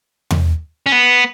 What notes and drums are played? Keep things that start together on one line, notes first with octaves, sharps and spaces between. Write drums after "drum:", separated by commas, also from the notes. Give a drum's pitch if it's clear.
drum: tom E2
C#4
B3